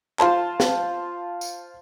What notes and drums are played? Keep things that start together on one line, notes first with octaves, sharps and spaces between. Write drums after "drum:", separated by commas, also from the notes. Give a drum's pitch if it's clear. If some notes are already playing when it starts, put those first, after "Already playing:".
F4 C5 A5, drum: clap
drum: snare
drum: tambourine